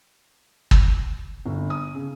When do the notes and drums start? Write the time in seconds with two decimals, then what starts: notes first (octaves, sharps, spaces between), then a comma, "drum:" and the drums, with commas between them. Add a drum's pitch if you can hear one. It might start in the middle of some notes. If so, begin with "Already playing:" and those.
0.71 drum: kick
1.45 G1
1.70 D#6
1.94 C#3